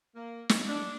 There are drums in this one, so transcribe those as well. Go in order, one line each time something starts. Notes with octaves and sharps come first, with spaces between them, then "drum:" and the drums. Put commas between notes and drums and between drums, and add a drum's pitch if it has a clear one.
A#3
drum: snare
D4